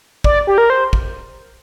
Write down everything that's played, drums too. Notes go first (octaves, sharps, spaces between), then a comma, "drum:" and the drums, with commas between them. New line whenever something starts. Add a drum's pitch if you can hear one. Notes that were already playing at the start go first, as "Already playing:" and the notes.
D5, drum: kick
G4
A#4
C5
drum: kick